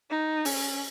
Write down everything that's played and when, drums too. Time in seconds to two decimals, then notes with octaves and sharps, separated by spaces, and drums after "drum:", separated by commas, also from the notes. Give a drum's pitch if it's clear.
0.10 D#4
0.45 C#4, drum: open hi-hat